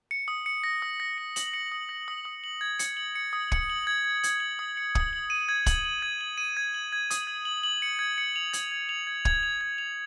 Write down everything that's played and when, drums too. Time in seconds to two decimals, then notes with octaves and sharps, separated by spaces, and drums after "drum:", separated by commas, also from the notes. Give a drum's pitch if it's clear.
0.11 C#7
0.28 D#6
0.46 C#7
0.64 A#6
0.82 D#6
1.00 A#6
1.18 C#7
1.36 F#7, drum: hi-hat
1.54 C#7
1.72 D#6
1.89 A#6
2.08 D#6
2.25 D#6
2.44 F#7
2.61 G#6
2.79 C#7, drum: hi-hat
2.97 F#7
3.15 C#7
3.33 D#6
3.52 C#7, drum: kick
3.70 F#7
3.87 G#6
4.05 G#6
4.23 G#6, drum: hi-hat
4.40 F#7
4.59 D#6
4.77 C#7
4.95 D#6, drum: kick
5.13 F#7
5.30 D#7
5.49 G#6
5.66 F#7, drum: kick, hi-hat
5.85 F#7
6.02 G#6
6.21 F#7
6.38 D#7
6.57 G#6
6.74 F#7
6.93 G#6
7.10 D#6, drum: hi-hat
7.27 G#6
7.45 F#7
7.63 F#7
7.82 C#7
7.99 G#6
8.18 C#7
8.36 F7
8.53 G#6, drum: hi-hat
8.71 G#6
8.89 F7
9.07 G#6
9.25 G#6, drum: kick
9.43 F7
9.61 G#6
9.78 F7